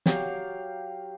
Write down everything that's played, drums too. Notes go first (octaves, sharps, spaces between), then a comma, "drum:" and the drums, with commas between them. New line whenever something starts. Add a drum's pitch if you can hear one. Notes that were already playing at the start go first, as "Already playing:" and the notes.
F#3 G4 F5 D6, drum: snare